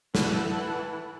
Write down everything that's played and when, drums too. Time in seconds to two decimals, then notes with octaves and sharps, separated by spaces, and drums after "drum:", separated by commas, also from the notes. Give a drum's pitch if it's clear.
0.15 E3 E4 A4 F#5, drum: snare